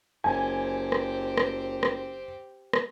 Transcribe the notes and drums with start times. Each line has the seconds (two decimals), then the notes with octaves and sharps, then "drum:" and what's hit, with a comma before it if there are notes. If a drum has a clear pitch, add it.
0.24 F#1 C4 G4 G#5
0.92 drum: rim click
1.38 drum: rim click
1.83 drum: rim click
2.73 drum: rim click